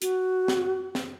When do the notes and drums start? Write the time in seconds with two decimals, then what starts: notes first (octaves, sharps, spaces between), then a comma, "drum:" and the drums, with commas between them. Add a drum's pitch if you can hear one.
0.02 F#4, drum: hi-hat
0.48 drum: snare
0.95 drum: snare